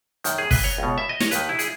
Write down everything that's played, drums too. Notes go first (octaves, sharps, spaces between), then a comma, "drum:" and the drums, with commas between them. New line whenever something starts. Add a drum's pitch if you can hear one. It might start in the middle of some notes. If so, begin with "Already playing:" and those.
F#2 D#3, drum: hi-hat
G#4
B4, drum: kick, open hi-hat
C#5
C#2 B2
E5
D#5
C#5, drum: snare
D#2 D#3 B4, drum: hi-hat
E4
G#4, drum: hi-hat